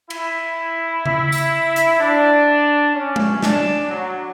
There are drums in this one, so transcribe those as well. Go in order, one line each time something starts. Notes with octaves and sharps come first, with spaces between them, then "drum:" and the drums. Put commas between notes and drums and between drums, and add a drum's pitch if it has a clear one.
E4, drum: cymbal
E4, drum: tom C#3
drum: tambourine
drum: hi-hat
D4
C#4
drum: tom G#3
D4, drum: snare
F#3